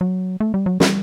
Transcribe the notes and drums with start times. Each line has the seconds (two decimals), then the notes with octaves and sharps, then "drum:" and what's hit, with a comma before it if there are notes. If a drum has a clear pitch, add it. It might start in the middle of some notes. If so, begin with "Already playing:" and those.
0.01 F#3
0.40 A3
0.54 G3
0.66 F#3
0.80 G3, drum: snare